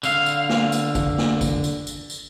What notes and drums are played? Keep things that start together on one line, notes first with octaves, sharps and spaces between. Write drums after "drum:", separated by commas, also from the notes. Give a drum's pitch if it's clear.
D3 F5, drum: tambourine
drum: tambourine
drum: snare
drum: tambourine
drum: kick, tambourine
drum: snare
drum: kick, tambourine
drum: tambourine
drum: tambourine
drum: tambourine